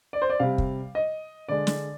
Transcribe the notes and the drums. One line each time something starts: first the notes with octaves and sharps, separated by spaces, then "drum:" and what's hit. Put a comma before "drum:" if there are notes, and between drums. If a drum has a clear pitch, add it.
D5
C5
D5
C3 G3 F5
drum: kick
D#5
D3 G#3 D5
drum: snare